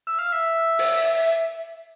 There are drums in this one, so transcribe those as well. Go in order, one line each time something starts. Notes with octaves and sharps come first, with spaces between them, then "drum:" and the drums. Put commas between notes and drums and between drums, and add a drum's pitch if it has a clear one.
E5
F5
E5
drum: open hi-hat